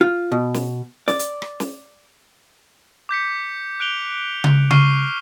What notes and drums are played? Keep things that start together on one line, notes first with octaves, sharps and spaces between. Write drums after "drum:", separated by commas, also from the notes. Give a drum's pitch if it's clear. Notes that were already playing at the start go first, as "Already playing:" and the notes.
F4
B2
drum: snare
D5, drum: snare
drum: hi-hat
drum: rim click
drum: snare
D6 G6 B6 C#7
F#6 D7 F7 G7
drum: tom C#3
C#6 F6 C7 D#7 G7, drum: tom C#3